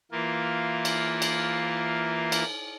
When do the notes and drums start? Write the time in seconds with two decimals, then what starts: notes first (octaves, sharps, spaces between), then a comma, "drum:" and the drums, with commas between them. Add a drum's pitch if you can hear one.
0.11 E3 A#3 F4
0.85 drum: cymbal
1.22 drum: cymbal
2.32 drum: cymbal